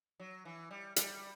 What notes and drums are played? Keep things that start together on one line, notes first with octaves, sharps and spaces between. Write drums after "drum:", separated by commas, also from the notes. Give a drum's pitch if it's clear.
F#3
E3
G3
G3, drum: hi-hat